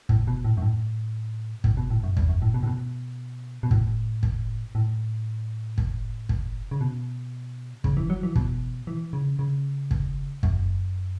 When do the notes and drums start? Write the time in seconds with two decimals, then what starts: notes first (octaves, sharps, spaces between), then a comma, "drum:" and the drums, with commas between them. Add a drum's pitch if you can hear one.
0.09 A2, drum: kick
0.27 B2
0.45 A2
0.57 F#2
0.62 A2
1.64 A2, drum: kick
1.77 B2
1.90 A2
2.03 F#2
2.17 E2, drum: kick
2.29 F#2
2.42 A2
2.54 B2
2.63 A2
2.67 B2
3.63 B2
3.71 A2, drum: kick
4.23 drum: kick
4.75 A2
5.78 drum: kick
6.29 drum: kick
6.71 C#3
6.81 B2
7.84 C#3, drum: kick
7.97 E3
8.10 F#3
8.23 E3
8.36 B2, drum: kick
8.87 E3
9.13 C#3
9.39 C#3
9.91 drum: kick
10.43 F#2, drum: kick